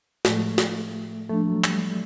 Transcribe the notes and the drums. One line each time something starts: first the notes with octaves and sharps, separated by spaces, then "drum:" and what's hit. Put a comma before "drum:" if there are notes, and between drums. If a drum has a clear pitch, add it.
A2 F3 G#3 A3, drum: snare
drum: snare
F3 A3 A#3 D4
F#3
G3, drum: clap